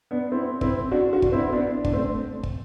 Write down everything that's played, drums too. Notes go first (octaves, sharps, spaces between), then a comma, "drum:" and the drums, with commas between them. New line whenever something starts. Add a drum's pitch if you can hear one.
B3 D4
C4 E4
C4 E4, drum: kick
D4 F#4
D4 F#4
drum: kick
C4 E4
B3 D4
D4, drum: kick
A3 C4
drum: kick